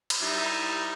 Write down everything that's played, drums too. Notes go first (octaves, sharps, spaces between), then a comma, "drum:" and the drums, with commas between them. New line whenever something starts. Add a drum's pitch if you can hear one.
drum: cymbal
G3 D#4 E4